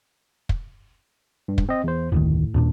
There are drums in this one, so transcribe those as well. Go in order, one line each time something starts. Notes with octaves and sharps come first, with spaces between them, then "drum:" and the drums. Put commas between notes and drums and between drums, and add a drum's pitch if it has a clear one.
drum: kick
G2
drum: kick
C4 D#5
E2 C5
F1 D2 A2 D#3
D#2 A#2 D4